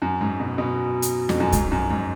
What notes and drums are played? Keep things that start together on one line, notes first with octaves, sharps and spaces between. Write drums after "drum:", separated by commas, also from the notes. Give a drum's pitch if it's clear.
F#2
G#2
B2
B2
drum: hi-hat
F2, drum: snare
F#2
G#2, drum: kick, hi-hat
F#2
G#2